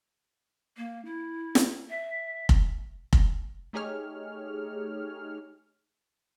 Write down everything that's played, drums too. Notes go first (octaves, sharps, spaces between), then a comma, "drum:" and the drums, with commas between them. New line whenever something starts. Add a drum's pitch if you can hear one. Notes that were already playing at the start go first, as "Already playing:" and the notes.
A#3
E4
drum: snare
E5
drum: kick F1
drum: kick F1
A3 D#4 G4 G#4 C#5 F6